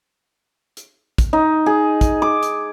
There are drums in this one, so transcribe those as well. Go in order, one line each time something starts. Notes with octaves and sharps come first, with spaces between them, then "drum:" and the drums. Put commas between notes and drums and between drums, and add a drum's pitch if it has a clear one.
drum: hi-hat
drum: kick, hi-hat
D#4
G#4
drum: kick, hi-hat
D6
drum: hi-hat